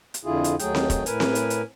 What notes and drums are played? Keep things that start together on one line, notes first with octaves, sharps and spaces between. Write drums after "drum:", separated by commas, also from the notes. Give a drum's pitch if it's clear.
drum: hi-hat
F2 D3 E4 F4 G#4
drum: hi-hat
D#2 F#3 A3 G#4 G5, drum: hi-hat
drum: snare C4
drum: kick, hi-hat
A2 A#4 B4 G#5, drum: hi-hat
drum: snare C4
drum: hi-hat
drum: hi-hat